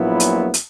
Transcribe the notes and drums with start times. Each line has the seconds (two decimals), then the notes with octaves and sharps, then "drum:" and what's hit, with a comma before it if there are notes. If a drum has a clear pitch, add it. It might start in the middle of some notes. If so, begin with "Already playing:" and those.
Already playing: A#1 A#2 F#3 B3 E4
0.20 drum: hi-hat
0.54 drum: hi-hat